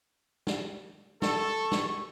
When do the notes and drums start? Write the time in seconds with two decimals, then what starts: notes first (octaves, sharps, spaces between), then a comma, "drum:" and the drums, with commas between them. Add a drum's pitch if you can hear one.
0.47 drum: snare
1.22 A4 C#6, drum: snare
1.72 drum: snare